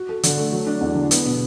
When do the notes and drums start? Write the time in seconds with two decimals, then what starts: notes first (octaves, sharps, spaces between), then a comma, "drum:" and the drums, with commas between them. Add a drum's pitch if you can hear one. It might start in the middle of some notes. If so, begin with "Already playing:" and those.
Already playing: F#4
0.09 A4
0.23 D3, drum: hi-hat
0.37 A3
0.52 F#3
0.66 D4
0.81 E2
0.95 D3
1.11 B3, drum: hi-hat
1.25 B2